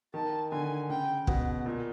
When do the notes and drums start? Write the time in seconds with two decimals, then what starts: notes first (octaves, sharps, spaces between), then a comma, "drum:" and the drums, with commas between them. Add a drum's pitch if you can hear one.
0.14 D#3 A5
0.51 D3 G#5
0.89 C#3 G5
1.27 B2 F#5, drum: kick
1.66 A#2